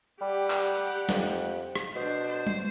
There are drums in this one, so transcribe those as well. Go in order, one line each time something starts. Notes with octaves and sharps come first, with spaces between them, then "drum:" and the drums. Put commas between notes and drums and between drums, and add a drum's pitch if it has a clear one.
G3 G4 F#5
drum: clap
F2, drum: snare
drum: rim click
B2 D4 C5
C5
drum: tom G3